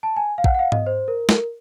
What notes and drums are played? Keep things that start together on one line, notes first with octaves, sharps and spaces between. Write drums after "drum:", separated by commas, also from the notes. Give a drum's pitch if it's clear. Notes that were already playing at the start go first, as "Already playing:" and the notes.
A5
G#5
F5
F#5, drum: kick
F#5
F5
D#5, drum: tom G#2
C5
A#4
A#4, drum: snare